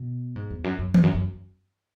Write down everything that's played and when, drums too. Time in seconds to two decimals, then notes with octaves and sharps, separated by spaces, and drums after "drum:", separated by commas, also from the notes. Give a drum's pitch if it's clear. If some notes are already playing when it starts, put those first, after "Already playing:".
Already playing: B2
0.36 G#2
0.50 E2
0.64 F#2
0.79 F#2
0.94 E2, drum: tom D#3
1.03 F#2
1.14 F#2